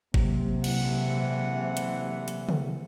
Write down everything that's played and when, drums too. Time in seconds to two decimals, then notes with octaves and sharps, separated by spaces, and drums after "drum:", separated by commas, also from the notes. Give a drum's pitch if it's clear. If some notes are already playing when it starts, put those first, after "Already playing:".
0.14 C3 F#3 A#3 G4, drum: kick
0.64 D2 C#3 E3 F#5, drum: cymbal
1.77 drum: hi-hat
2.28 drum: hi-hat
2.49 drum: tom